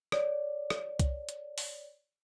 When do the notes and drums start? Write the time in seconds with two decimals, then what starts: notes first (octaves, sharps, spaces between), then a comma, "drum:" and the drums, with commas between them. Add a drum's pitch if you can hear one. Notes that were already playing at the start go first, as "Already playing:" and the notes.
0.12 C#5 D5, drum: rim click
0.70 drum: rim click
0.99 drum: kick C2, hi-hat
1.29 drum: hi-hat
1.58 drum: open hi-hat